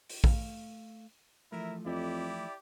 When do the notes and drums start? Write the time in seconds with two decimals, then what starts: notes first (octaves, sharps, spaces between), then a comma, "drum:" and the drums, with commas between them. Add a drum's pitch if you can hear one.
0.09 drum: open hi-hat
0.24 A3 F5, drum: kick
1.52 E3 F3 A3 E4 A#4 E5
1.86 F2 E4 G4 D5